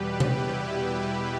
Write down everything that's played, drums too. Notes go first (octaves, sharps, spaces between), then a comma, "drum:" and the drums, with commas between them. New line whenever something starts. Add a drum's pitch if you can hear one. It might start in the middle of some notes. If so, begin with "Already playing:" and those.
Already playing: E2 B2 G3 G4 B4
drum: tom C3
E4 G4